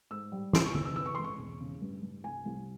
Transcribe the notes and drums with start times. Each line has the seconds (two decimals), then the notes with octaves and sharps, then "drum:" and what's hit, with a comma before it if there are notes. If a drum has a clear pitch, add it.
0.11 G#2 E6
0.32 G3
0.53 E2 C6, drum: snare
0.64 C#6
0.75 E2 E6, drum: tom D3
0.85 E6
0.96 E3 E6
1.06 C#6
1.15 G#3 C6
1.24 C#6
1.39 E1
1.60 C#3
1.82 G2
2.02 G2
2.24 C2 G#5
2.46 C2